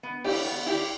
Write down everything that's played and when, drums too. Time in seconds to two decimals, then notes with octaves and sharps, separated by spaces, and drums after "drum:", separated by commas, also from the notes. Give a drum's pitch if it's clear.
0.03 B3
0.24 E4 G4 D5, drum: cymbal
0.45 B3
0.66 E4 G4 D5